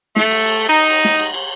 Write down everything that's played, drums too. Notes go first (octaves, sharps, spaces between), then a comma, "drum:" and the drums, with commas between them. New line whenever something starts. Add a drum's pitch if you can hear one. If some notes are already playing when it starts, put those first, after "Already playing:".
A3, drum: snare
drum: cymbal
drum: cymbal
D#4
drum: cymbal
drum: snare
drum: cymbal
drum: cymbal